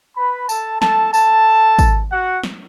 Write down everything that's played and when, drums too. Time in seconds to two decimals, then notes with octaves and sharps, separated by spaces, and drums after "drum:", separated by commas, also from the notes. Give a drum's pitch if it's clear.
0.16 B4 B5
0.49 A4 A5, drum: tambourine
0.82 A4 A5, drum: snare
1.14 A4 A5, drum: tambourine
1.79 drum: kick G#1, tambourine
2.11 F#4 F#5
2.43 drum: snare